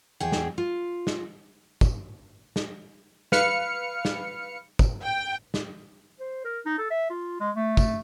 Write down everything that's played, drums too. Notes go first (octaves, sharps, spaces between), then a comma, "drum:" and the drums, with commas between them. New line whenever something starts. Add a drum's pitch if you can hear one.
E2 G#4 G5
drum: snare
F4
drum: snare
drum: kick, tambourine
drum: snare
B4 F5 F6 C#7, drum: snare
drum: snare
drum: kick, tambourine
G5
drum: snare
C5
A#4
D#4
A4
E5
F4
G#3
A3
drum: kick, tambourine